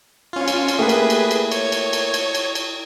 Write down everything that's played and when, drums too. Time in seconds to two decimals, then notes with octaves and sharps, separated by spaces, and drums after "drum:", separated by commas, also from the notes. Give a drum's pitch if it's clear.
0.33 C#4 F4
0.48 drum: cymbal
0.68 drum: cymbal
0.79 A3 A#3 G4 G#4 B4
0.89 drum: cymbal
1.10 drum: cymbal
1.31 drum: cymbal
1.52 C#5 G#6, drum: cymbal
1.72 drum: cymbal
1.93 drum: cymbal
2.14 drum: cymbal
2.35 drum: cymbal
2.55 drum: cymbal